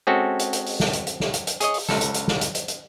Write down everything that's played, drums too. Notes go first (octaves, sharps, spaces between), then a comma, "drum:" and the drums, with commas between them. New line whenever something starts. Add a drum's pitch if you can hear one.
G#3 C4 C#4 F#4 A4
drum: hi-hat
drum: hi-hat
drum: open hi-hat
drum: snare
drum: hi-hat
drum: hi-hat
drum: snare
drum: hi-hat
drum: hi-hat
G#4 C#5 D#5, drum: hi-hat
drum: open hi-hat
C#2 A4, drum: snare
drum: hi-hat
drum: hi-hat
drum: snare
drum: hi-hat
drum: hi-hat
drum: hi-hat